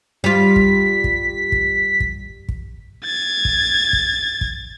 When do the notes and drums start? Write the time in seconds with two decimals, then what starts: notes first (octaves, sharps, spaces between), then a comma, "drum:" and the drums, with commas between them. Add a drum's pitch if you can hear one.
0.24 G3 F4 B6
0.56 drum: kick
1.04 drum: kick
1.52 drum: kick
2.00 drum: kick
2.49 drum: kick
3.04 G#6 A6
3.45 drum: kick
3.93 drum: kick
4.41 drum: kick